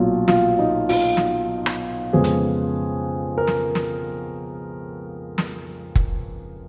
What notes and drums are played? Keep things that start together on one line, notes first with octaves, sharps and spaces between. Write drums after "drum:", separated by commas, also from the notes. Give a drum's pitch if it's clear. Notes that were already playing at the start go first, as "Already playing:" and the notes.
Already playing: B1 A#2 F#3 F4
F4, drum: snare
D#4
F4, drum: open hi-hat
drum: snare
drum: rim click
F2 C#3 G#3 B3 G#4
drum: hi-hat
A#4
drum: snare
drum: snare
drum: snare
drum: kick